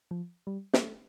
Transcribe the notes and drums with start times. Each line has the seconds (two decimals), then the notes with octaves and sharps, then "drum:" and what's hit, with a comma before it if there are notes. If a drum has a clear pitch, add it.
0.11 F3
0.47 G3
0.73 A#3, drum: snare
0.82 A3